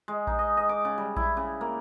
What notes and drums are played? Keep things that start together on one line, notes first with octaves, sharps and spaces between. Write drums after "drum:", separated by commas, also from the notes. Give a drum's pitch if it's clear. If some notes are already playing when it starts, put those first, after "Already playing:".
G#3
D#4, drum: kick A#1
D#5
D#5
D6
C#3
G3
E4, drum: kick A#1
C#3
A#3